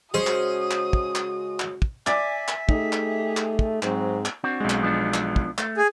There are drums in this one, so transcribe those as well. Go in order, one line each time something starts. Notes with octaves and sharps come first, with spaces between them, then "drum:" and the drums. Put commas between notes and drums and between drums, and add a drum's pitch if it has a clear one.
C#3 G#3 C#4 F#4 G#4 C5 D#5 D#6
drum: clap
drum: clap
drum: kick
drum: clap
drum: clap
drum: kick
D5 E5 G#5 D6 A6, drum: clap
drum: clap
A3 D#4 G4 G#4, drum: kick
drum: clap
drum: clap
drum: kick
G#2 F#3 C4, drum: clap
drum: clap
C4 D4 F#4
B1 G#3
drum: clap
F3 B3 D4
drum: clap
drum: kick
A3, drum: clap
G#4